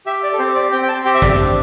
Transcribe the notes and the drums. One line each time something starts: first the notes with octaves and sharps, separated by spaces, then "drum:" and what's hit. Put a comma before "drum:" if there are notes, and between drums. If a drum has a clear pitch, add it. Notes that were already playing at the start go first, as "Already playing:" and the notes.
G4 E5
D5
A4
C4 C5
D5
C4 G5
G5
A5
G4 G5
E5
D5, drum: kick A1
D4